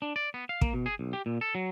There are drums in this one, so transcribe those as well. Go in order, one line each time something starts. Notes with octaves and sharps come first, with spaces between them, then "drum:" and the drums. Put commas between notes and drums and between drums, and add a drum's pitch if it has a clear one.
D4
D5
B3
F5
A#3, drum: kick
B2
G#4
B1
G4
A#2
A4
F#3